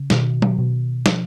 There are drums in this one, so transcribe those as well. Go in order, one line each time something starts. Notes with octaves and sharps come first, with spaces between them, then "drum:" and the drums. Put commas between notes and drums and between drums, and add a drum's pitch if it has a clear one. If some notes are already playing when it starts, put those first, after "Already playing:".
Already playing: C#3
B2 D#3, drum: snare
drum: tom F#3
B2
F3, drum: snare